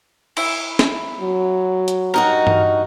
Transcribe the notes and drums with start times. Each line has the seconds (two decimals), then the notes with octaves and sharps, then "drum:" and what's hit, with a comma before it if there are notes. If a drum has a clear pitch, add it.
0.37 E4, drum: cymbal
0.79 drum: snare
1.21 F#3
1.88 drum: hi-hat
2.14 G2 D#4 F#4 A#4
2.47 drum: tom G2